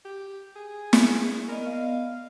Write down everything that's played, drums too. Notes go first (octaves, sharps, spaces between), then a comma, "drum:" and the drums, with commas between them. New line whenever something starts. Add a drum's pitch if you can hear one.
G4
G#4
drum: snare
B3 A#4 D5 D#5
F5